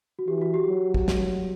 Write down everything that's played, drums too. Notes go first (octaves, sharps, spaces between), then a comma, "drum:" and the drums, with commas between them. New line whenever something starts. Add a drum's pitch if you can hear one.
F#4
E3 G4
F#4
G4
F#3
drum: kick
drum: snare